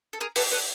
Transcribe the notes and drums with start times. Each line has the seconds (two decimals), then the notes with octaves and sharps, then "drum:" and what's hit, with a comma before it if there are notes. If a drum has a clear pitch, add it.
0.13 A4
0.20 G#4 A#4
0.36 A4 B4, drum: open hi-hat
0.51 A4 B4